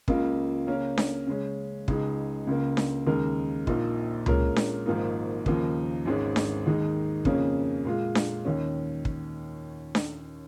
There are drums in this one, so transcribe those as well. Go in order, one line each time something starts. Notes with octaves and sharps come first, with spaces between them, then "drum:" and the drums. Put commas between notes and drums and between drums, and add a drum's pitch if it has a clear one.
C#2 C#3 A#3 F4, drum: kick
C#3 A#3 C#4 A#4
drum: snare D4
C#3 G#3 C#4
C#2 C#3 G#3 D#4 G#4, drum: kick
C#2 C#3 A#3
drum: snare D4
D#2 C#3 G#3 D#4 A#4
A#1 A#2 A#3 D#4, drum: kick
A#2 G#3 C#4 A#4, drum: tom C#2
drum: snare D4
G#1 G#2 F3 A#3 D#4
D#2 C#3 F3 A#3 D#4, drum: kick
G#1 G#2 G#3 C#4
drum: snare D4
D#2 D#3 G#3 D#4
F2 C#3 A#3 C#4 G#4, drum: kick
A#2 G#3 F4
drum: snare D4
D#2 D#3 C#4
drum: kick
drum: snare D4